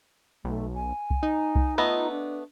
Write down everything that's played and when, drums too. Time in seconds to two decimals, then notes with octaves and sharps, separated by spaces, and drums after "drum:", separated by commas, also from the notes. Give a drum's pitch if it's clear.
0.44 B1 A3
0.74 G#5
1.10 drum: kick C2
1.23 D#4
1.55 drum: kick C2
1.78 A3 B3 F4 D#5
2.10 D4